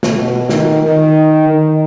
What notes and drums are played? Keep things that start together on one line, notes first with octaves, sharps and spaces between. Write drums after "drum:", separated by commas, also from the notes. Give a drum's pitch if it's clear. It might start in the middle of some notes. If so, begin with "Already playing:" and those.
drum: snare
B2
D#3, drum: snare
D#3
D#3